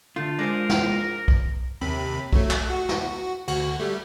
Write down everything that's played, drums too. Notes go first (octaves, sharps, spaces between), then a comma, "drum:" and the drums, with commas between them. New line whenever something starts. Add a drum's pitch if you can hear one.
D3 A3 F4
G#3 D4 G#4 A#4 C5
drum: snare
drum: kick B1
D#2 C3 B5
F#3 A3, drum: kick B1
drum: clap
F#4
drum: snare
D2 F#4, drum: cymbal
G3 A3